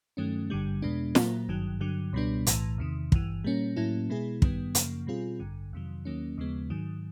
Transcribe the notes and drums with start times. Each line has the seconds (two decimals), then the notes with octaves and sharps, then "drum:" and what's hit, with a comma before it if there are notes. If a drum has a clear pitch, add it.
0.17 G2 D#3 F#3 A3 C#4
0.50 G#1 G2 D3 G3
0.82 E2 B2 G#3 B3 D4
1.15 A#2 F#3 A#3, drum: snare
1.49 G#1 G2 D#3 F#3
1.80 G2 D3 F#3
2.13 C#2 B2 G3 B3 D4
2.47 B1 A2 E3, drum: hi-hat
2.78 E2 C3 D#3
3.12 G1 G2 E3, drum: kick
3.44 A#2 G3 A#3 C#4
3.76 A2 F#3 A#3 C#4 E4
4.10 B2 G#3 B3 E4 G#4
4.42 G2 D#3 G3 B3, drum: kick
4.75 F#2 C#3 F3 A#3, drum: hi-hat
5.07 B2 G3 C4 F4 G#4
5.40 A1 G2 D3
5.73 F2 C3 D#3 F#3
6.05 D#2 D#3 F#3 A#3 C#4
6.38 D#2 C#3 F3 G#3 B3
6.70 G#2 D#3 F#3